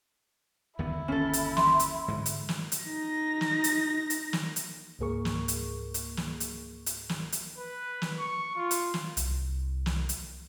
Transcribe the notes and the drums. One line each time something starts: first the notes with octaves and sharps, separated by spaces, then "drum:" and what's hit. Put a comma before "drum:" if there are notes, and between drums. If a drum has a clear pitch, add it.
D#2 D3 B3 E4
G1 D#2 C#4 A4
drum: hi-hat
C6, drum: snare
drum: hi-hat
G#2 D3 E3
drum: hi-hat
drum: snare
drum: hi-hat
D#4 A#6
drum: snare
drum: hi-hat
drum: hi-hat
drum: snare
drum: hi-hat
C#2 G#2 A#3 G#4 A#4 C#6
drum: snare
drum: hi-hat
drum: hi-hat
drum: snare
drum: hi-hat
drum: hi-hat
drum: snare
drum: hi-hat
B4
drum: snare
C#6
F4
drum: hi-hat
drum: snare
C2, drum: hi-hat
drum: snare
drum: hi-hat